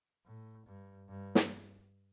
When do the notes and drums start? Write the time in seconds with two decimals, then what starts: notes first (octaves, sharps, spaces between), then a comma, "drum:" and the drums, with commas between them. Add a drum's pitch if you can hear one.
0.26 A2
0.66 G2
1.08 G2
1.35 drum: snare